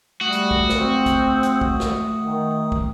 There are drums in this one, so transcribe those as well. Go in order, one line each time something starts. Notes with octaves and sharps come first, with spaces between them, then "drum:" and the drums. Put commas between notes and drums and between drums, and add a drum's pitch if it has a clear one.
G3 A3 F#4 D#6
drum: hi-hat
drum: kick
C4, drum: snare
drum: kick, hi-hat
drum: hi-hat
drum: kick
drum: snare
D#3
drum: kick